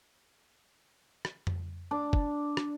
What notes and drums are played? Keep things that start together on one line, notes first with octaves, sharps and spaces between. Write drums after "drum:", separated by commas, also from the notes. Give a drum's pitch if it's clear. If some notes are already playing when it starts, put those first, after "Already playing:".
drum: rim click
drum: tom F2
D4
drum: kick F#1
drum: rim click